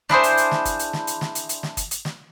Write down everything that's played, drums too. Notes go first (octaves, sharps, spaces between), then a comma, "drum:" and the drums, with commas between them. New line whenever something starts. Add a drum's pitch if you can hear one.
D4 E4 G#4 C5, drum: snare
drum: hi-hat
drum: hi-hat
drum: snare
drum: kick G1, hi-hat
drum: hi-hat
drum: snare
drum: hi-hat
drum: snare
drum: hi-hat
drum: hi-hat
drum: snare
drum: kick G1, hi-hat
drum: hi-hat
drum: snare